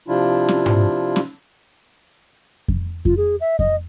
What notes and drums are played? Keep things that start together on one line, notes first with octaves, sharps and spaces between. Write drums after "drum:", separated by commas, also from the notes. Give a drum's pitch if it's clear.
C3 F3 D4 E4 F4
drum: snare C#4
drum: tom G#2
drum: snare C#4
drum: kick F2
F4, drum: kick F2
G#4
E5
D#5, drum: kick F2